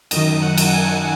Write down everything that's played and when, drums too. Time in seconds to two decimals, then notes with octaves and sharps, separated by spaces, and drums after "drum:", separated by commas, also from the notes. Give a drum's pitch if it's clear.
0.11 F#2 D#3 D#5, drum: cymbal
0.41 F#5
0.58 drum: cymbal
0.73 G#5